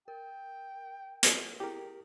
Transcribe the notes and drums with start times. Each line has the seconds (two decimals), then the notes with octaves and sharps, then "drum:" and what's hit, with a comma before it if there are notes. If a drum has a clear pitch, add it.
0.08 A#4 G5
1.23 drum: hi-hat
1.60 E4 G4 G#4 A#4